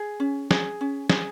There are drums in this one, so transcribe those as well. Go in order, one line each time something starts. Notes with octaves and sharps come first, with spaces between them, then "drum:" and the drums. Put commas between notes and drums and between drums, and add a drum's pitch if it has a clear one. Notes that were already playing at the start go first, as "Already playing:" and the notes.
Already playing: G#4
C#4
G#4, drum: snare
C#4
G#4, drum: snare